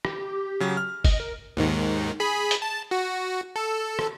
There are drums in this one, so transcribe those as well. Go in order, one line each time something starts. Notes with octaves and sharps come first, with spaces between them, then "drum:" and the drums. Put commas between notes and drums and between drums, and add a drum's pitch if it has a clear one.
G4, drum: rim click
C#3 F#3
F6
D#5, drum: kick G1, open hi-hat
A#4
D#2 G#2 D#3
G#4 B5
drum: hi-hat
A5
F#4
A4
drum: rim click